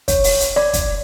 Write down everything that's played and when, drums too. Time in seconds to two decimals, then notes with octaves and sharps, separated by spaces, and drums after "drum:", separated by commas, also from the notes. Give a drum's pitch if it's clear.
0.08 C#5, drum: kick, hi-hat
0.24 drum: open hi-hat
0.40 drum: hi-hat
0.56 D5, drum: rim click
0.73 drum: kick, hi-hat